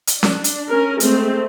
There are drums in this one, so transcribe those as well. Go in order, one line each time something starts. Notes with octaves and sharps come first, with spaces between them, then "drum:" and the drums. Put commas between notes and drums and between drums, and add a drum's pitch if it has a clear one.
drum: hi-hat
D4, drum: snare C#4
drum: hi-hat
C#4 A#4
G#3 A3 C4, drum: hi-hat